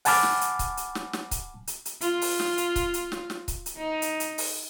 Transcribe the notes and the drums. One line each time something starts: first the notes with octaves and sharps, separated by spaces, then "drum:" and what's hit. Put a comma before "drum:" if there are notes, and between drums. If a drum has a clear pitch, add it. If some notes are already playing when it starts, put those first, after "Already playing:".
F#5 G#5 A5 B5 D6 F6, drum: open hi-hat
drum: snare
drum: hi-hat
drum: kick C#1, hi-hat
drum: hi-hat
drum: snare
drum: snare
drum: kick C#1, hi-hat
drum: hi-hat
drum: hi-hat
F4, drum: hi-hat
drum: open hi-hat
drum: snare
drum: hi-hat
drum: kick C#1, hi-hat
drum: hi-hat
drum: snare
drum: snare
drum: kick C#1, hi-hat
drum: hi-hat
D#4
drum: hi-hat
drum: hi-hat
drum: open hi-hat